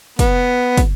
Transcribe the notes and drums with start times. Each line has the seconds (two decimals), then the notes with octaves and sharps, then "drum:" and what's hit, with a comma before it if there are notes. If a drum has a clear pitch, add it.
0.19 B3, drum: kick, hi-hat
0.77 drum: kick, hi-hat